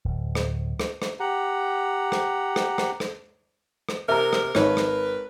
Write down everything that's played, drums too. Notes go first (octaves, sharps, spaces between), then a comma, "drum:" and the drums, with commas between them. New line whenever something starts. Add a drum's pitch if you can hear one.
D1
drum: rim click
drum: rim click
drum: rim click
G4 F#5 A#5
drum: rim click
drum: rim click
drum: rim click
drum: rim click
drum: rim click
C3 A#4 E5 A#5
drum: rim click
G#1 A#4 B4 C#5, drum: rim click
drum: rim click